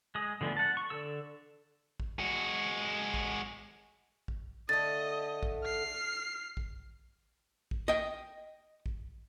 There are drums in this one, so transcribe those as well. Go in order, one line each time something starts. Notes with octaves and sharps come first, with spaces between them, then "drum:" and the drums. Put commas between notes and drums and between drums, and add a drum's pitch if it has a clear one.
G#3 D#6
D3 F3 G#3 A3 B3
F#5 A5
C#6
D3 A4 E6
drum: kick A1
G#3 F#4
drum: kick A1
drum: kick A1
D3 A3 D#5 A6
drum: kick A1
F6 C7
drum: kick A1
drum: kick A1
D#5 G5
drum: kick A1